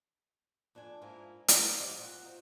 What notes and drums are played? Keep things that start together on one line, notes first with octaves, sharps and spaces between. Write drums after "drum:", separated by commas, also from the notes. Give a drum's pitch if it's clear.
F2 D4 A4 G#5
G#2 A#3 E4 F4 G#5
E2, drum: hi-hat
G4 C5 D5 D#5 F5
A#2 F#5
C4 D#4 F4 F#4